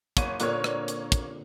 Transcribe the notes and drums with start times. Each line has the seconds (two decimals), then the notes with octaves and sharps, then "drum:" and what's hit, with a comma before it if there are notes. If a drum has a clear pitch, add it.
0.17 F#1 C#5 D#7, drum: kick, hi-hat
0.40 A#2 D3 A#3 C4 C#5, drum: hi-hat
0.64 drum: rim click
0.88 drum: hi-hat
1.12 drum: kick, hi-hat